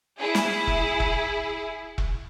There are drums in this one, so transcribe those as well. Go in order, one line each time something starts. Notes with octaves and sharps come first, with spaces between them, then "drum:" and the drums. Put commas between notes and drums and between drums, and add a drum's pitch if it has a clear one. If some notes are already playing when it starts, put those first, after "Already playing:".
E4 G#4
drum: snare
drum: kick E1
drum: kick E1
drum: kick E1